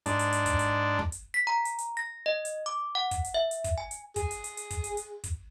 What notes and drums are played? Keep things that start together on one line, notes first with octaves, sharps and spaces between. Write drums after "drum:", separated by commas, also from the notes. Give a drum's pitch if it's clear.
G#2 D4, drum: hi-hat
drum: hi-hat
drum: hi-hat
drum: kick, hi-hat
drum: hi-hat
drum: kick
drum: hi-hat
B6
A#5
drum: hi-hat
drum: hi-hat
A#6
D#5
drum: hi-hat
D6
F#5
drum: kick, hi-hat
drum: hi-hat
E5
drum: hi-hat
drum: kick, hi-hat
G#5
drum: hi-hat
G#4, drum: kick, hi-hat
drum: hi-hat
drum: hi-hat
drum: hi-hat
drum: kick, hi-hat
drum: hi-hat
drum: hi-hat
drum: kick, hi-hat